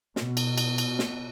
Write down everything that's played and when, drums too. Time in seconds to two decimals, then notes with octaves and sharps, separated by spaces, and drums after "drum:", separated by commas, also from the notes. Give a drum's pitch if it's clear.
0.16 B2, drum: snare
0.37 drum: cymbal
0.58 drum: cymbal
0.78 drum: cymbal
0.99 drum: snare